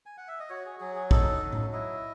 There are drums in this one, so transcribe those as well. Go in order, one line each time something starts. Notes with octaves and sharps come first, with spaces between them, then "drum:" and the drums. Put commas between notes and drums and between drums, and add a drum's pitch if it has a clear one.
G#5
F#5
E5
D#5
F#4 C#5
G#4
F#3 G#4
G#4
D#4 A4, drum: kick
F#3
drum: tom A2
E4 D#5